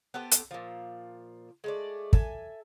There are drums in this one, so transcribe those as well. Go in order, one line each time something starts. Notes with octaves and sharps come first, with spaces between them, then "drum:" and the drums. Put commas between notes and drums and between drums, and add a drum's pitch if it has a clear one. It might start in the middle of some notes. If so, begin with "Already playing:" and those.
B3 G4 A4 C5
drum: hi-hat
A#2 F3
G#3 A3 D5
A4 E5 G#5, drum: kick